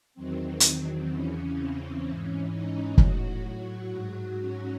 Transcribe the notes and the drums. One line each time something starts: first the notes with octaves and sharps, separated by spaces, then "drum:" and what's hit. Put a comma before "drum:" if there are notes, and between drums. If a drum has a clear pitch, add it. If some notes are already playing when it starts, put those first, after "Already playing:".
E2 D#3 F#3 C4
drum: hi-hat
E2 C#3 E3 C#4
C4
G#2 E3 C#4
D#4
A2 F#3 F#4, drum: kick
G#2 F#3 F#4
C#4